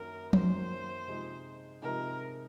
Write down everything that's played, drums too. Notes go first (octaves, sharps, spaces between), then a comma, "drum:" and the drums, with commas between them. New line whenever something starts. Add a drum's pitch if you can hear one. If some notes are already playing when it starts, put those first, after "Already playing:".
Already playing: F#2 D#3 F#3 A#3 C#4 A#4
F#2 D#3 F#3 A#3 C#4 C5, drum: tom F3
C3 F3 G#3 D#4
C3 F3 G#3 D#4 A#4